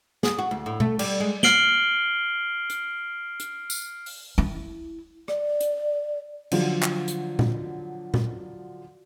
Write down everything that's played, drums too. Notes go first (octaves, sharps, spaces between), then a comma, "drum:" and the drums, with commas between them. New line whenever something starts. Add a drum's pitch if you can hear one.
G#4, drum: snare
F#4
D2
A2
A3, drum: tom B2
G3, drum: cymbal
G#3
F6 C7 D7 F#7 G7, drum: snare
drum: hi-hat
drum: hi-hat
drum: tambourine
drum: open hi-hat
E4
D5, drum: rim click
drum: hi-hat
D3 F3 F#3, drum: cymbal
drum: clap
drum: hi-hat
drum: tom A#2
drum: tom A#2